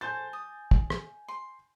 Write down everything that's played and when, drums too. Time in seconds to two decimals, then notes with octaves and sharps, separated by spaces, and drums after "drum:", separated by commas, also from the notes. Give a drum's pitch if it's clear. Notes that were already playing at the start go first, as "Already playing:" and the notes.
0.01 A4 C5 G#5 G6 A6
0.33 D#6
0.71 drum: kick
0.90 drum: rim click
1.28 C6